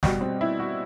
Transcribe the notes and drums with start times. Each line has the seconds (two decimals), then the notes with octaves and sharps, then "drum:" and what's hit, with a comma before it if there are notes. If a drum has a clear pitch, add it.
0.03 B2 G3 F#4, drum: snare
0.21 C4
0.41 E4
0.59 F#4